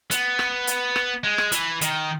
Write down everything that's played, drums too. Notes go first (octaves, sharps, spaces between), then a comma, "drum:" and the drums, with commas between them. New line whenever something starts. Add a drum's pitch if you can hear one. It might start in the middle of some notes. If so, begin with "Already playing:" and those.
B3, drum: hi-hat
drum: rim click
drum: hi-hat
drum: rim click
G#3
drum: rim click
E3, drum: hi-hat
D#3, drum: hi-hat